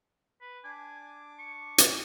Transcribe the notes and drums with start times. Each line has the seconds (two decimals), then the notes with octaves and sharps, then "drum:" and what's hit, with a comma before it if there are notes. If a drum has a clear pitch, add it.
0.41 B4
0.64 D4 G#5 D6
1.39 C#6
1.78 drum: hi-hat